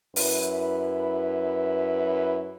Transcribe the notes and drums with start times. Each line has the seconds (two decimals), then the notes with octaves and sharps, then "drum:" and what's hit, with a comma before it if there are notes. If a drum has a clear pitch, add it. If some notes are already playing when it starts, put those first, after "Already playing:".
0.16 F#2 E4 B4, drum: open hi-hat